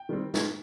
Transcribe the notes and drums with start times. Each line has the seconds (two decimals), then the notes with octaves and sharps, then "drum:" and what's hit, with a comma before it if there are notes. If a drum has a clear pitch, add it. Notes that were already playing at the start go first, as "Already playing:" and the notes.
Already playing: G5
0.09 D#3 G3 C4
0.34 drum: snare